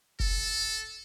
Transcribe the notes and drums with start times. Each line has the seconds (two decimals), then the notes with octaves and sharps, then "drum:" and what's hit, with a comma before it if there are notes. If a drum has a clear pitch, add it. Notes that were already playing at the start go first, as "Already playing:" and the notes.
0.20 A4, drum: kick